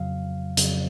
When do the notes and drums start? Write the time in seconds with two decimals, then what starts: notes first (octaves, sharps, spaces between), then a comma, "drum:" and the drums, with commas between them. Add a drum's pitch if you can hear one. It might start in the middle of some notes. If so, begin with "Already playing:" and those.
Already playing: F2 C#3 F#3 F5
0.57 F2 C#3 F#3, drum: hi-hat